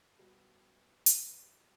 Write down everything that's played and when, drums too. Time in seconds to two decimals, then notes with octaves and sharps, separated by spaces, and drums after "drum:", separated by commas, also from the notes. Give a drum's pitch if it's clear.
0.19 B2 G3 B3
1.06 drum: hi-hat